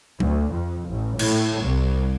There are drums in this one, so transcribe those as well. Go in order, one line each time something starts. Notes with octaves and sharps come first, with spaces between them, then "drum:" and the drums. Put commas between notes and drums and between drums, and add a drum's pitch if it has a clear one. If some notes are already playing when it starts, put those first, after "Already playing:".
D2, drum: tom F#3
F2
A1
A2, drum: cymbal
C2